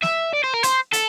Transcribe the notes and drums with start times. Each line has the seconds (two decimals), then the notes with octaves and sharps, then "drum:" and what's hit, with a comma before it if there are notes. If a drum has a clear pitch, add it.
0.03 E5, drum: snare
0.33 D5
0.44 C5
0.54 A#4
0.63 C5, drum: hi-hat
0.93 A4, drum: hi-hat